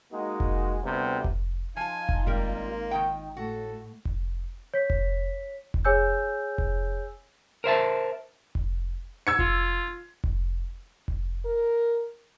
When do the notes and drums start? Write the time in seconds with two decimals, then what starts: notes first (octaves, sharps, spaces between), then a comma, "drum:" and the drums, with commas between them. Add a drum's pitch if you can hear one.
0.12 G#3 A#3 D#4 F#4
0.40 drum: kick F1
0.84 D2 C3 G3 B3
1.24 drum: kick F1
1.77 F3 D#4 F4 G#5 A5
2.09 drum: kick F1
2.27 G#1 G3 A#3 A#4
2.91 D#3 D#4 G5
3.37 A2 F#4 A4
4.05 drum: kick F1
4.74 C#5 B6
4.90 drum: kick F1
5.74 drum: kick F1
5.85 G#4 C#5 G#5 E6 G6
6.58 drum: kick F1
7.64 A#4 C5 E5 A5
8.55 drum: kick F1
9.27 E6 G#6 C#7
9.39 F4, drum: kick F1
10.24 drum: kick F1
11.08 drum: kick F1
11.46 A#4